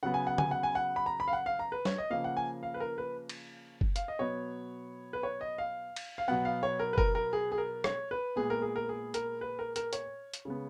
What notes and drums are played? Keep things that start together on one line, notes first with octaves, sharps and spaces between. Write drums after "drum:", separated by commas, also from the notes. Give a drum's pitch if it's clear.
C#3 F#3 B3 F#5
G#5
F#5
G#5, drum: tom D3
F#5
G#5
F#5
B5
A#5
B5
F5
F#5
F5
A#5
B4
C#5, drum: snare
D#5
C#3 F3 A#3 F5
F#5
G#5
F5
B4
A#4
B4
drum: cymbal
drum: kick F#1
F5, drum: hi-hat
D#5
B2 F#3 B3 C#5
B4
C#5
D#5
F5
drum: cymbal
F5
B2 F#3 B3 F#5
F5
C#5
A#4
B4
A#4, drum: kick F#1
A#4
G#4
G#4
A#4
C#5, drum: rim click
B4
A#2 G#3 B3 G#4
A#4
G#4
A#4
G#4
A#4, drum: hi-hat
B4
A#4
A#4, drum: hi-hat
C#5, drum: hi-hat
drum: hi-hat
C#3 G#3 B3